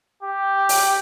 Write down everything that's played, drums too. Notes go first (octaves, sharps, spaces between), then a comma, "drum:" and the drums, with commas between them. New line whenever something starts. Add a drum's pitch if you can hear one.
G4
drum: open hi-hat